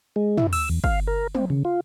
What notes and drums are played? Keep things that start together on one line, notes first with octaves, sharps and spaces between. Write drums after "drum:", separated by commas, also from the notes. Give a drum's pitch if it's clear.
G#3
E4, drum: tom
E6, drum: cymbal
E2
F5, drum: kick
A#4
C4, drum: tom
C#3
F4